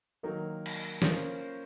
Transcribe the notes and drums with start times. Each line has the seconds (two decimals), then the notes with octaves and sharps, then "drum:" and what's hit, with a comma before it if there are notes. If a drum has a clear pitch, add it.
0.23 D#3 F#3 A#3 D#4 A#4
0.66 drum: cymbal
1.02 A#3 C#4 F4 C5, drum: snare